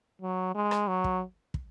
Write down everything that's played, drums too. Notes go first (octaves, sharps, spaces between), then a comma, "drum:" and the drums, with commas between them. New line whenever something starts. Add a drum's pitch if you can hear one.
F#3
G#3
drum: rim click
F#3
drum: kick
drum: kick